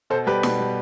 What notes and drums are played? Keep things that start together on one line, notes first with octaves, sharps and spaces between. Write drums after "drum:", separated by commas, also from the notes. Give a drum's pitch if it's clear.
B2 A4 C5
G3 G4 B4
B2, drum: snare
G3